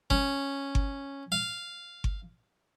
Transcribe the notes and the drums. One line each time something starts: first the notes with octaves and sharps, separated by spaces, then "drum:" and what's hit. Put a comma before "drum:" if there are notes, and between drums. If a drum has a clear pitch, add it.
C#4, drum: kick G1
drum: kick G1
F5
drum: kick G1